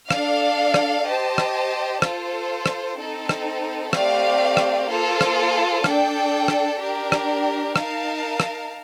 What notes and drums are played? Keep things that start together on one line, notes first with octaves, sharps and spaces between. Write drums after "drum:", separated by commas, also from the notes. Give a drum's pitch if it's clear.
D4 A4 D5 F5, drum: rim click
drum: rim click
G4 C5 D#5 A5
drum: rim click
F4 A4 C5, drum: rim click
drum: rim click
C4 D#4 A4
drum: rim click
A3 C4 G4 D5 F5, drum: rim click
drum: rim click
A#3 F4 A4 C5
drum: rim click
D4 A4 D5 G5, drum: rim click
drum: rim click
D4 G4 A#4
drum: rim click
D#4 A#4 F5 A5, drum: rim click
drum: rim click